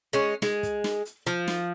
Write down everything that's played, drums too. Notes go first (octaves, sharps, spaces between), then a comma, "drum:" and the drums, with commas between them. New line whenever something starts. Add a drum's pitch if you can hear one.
G#3 C#4
G#3, drum: snare
drum: kick, hi-hat
drum: snare
drum: hi-hat
F3
drum: snare